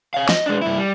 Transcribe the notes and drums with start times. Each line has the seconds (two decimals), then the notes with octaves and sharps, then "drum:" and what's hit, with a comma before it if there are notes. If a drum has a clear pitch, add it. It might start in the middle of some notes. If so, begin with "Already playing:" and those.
0.14 C#5 F5
0.29 D#5, drum: snare
0.46 G#3 D4
0.62 G2 E4
0.78 G3